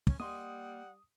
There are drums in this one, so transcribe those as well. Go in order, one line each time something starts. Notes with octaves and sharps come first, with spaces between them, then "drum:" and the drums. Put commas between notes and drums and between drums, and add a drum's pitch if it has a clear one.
C#4, drum: kick
G3 A#3 D#5 F#5 C6 D#6